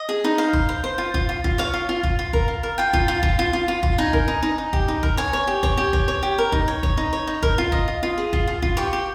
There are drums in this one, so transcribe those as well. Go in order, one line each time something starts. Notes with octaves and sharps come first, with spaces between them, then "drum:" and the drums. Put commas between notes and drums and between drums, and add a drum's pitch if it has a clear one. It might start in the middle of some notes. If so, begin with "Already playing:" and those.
Already playing: D#5
G#4
D#4
C5 F5
C5, drum: kick
C5
C5
F4
F4, drum: kick
F4
F4, drum: kick
C#5 F5
F4
F4
F4, drum: kick
F4
A#4, drum: kick
F4
A#4
F4 G5
F4, drum: kick
F4
F4, drum: kick
F4
F4
F4
F4, drum: kick
D#4 G#5
A#4, drum: kick
D#4
D#4
D#4
G4, drum: kick
D#4
A#4, drum: kick
C#5 G#5
C#5
G4
C#5, drum: kick
G4
C#5, drum: kick
C#5
G4
A#4
D#4, drum: kick
C#5
C#5, drum: kick
D#4
C#5
D#4
A#4, drum: kick
F4
D#5, drum: kick
F4
F4
G#4
F4, drum: kick
F4
F4, drum: kick
G4 C#6
G4